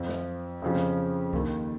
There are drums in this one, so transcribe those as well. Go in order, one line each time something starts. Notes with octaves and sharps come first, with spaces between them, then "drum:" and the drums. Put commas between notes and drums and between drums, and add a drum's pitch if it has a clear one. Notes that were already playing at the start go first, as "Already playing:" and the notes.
Already playing: F2 F3
drum: snare
F2 C#3 F3
drum: snare
D#2 D#3, drum: kick C2